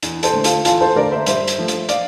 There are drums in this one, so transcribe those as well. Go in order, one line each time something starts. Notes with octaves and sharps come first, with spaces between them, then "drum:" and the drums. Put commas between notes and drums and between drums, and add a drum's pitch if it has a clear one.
E2, drum: hi-hat
A4 C5, drum: hi-hat
D3 A3
F4 A4, drum: hi-hat
E2 F4 A4, drum: hi-hat
A4 C5
D3 A3 A#4 D5
C5 E5
G2 C5 E5, drum: hi-hat
drum: hi-hat
F3 A3
drum: hi-hat
D5 F5, drum: hi-hat